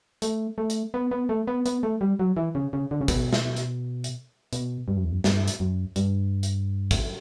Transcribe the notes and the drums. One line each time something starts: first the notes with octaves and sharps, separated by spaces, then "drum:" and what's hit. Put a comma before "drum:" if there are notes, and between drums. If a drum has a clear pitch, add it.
A3, drum: hi-hat
A3
drum: hi-hat
B3
B3
A3
B3
B3, drum: hi-hat
A3
G3
F#3
E3
C#3
C#3
D3
C#3
B2, drum: kick G#1, hi-hat
drum: snare
drum: hi-hat
drum: hi-hat
B2, drum: hi-hat
G2
F#2
E2
F#2
G2, drum: snare
drum: hi-hat
F#2
G2, drum: hi-hat
drum: hi-hat
drum: kick G#1, hi-hat